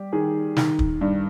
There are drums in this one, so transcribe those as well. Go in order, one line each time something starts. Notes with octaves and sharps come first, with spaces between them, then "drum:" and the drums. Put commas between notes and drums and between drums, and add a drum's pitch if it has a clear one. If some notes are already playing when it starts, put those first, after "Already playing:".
Already playing: G3 G4
D#3 G#4
D#3, drum: snare
drum: kick
G2